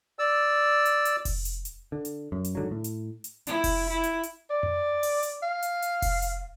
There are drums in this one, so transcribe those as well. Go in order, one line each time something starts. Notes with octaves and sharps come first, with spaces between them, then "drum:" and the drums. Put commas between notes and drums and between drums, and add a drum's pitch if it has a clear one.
D5 E6
drum: hi-hat
drum: hi-hat
drum: kick F1, open hi-hat
drum: hi-hat
drum: hi-hat
D3
drum: hi-hat
F#2
drum: hi-hat
G#2 D3 F#3
A2
drum: hi-hat
drum: hi-hat
E4, drum: hi-hat
drum: kick F1, open hi-hat
E4
drum: hi-hat
drum: hi-hat
D5
drum: tom F2
drum: open hi-hat
drum: hi-hat
F5
drum: hi-hat
drum: hi-hat
drum: kick F1, open hi-hat
drum: hi-hat